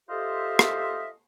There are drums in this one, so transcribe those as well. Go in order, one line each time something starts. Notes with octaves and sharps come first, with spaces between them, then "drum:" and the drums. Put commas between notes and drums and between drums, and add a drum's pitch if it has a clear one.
F4 G4 A4 C5 D#5 E5
drum: rim click